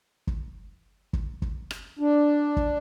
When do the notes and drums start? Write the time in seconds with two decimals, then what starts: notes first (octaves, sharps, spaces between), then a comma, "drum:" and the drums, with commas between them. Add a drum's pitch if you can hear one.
0.27 drum: kick
1.13 drum: kick
1.42 drum: kick
1.71 drum: rim click
1.99 D4
2.57 drum: kick